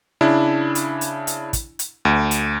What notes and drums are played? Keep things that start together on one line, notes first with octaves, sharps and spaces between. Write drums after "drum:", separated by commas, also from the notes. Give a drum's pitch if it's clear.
C#3 D4 E4
drum: hi-hat
drum: hi-hat
drum: hi-hat
drum: kick, hi-hat
drum: hi-hat
D2
drum: hi-hat